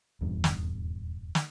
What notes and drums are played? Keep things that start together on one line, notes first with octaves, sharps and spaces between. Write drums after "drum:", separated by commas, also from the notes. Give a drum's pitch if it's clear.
D#1 E2 G2
drum: snare
drum: snare